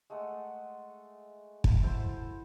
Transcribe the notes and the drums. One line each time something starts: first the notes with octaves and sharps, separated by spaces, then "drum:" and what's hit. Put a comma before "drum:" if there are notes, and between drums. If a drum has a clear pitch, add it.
G#3 A3 A4 F#5
drum: kick
E4 F#4 A4 C5